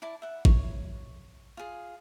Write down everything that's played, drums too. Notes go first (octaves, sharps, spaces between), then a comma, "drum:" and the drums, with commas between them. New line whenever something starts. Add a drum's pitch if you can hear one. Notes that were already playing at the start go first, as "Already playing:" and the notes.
E4 D5 A5
E5 F#5
C#5, drum: kick G#1
F4 G#4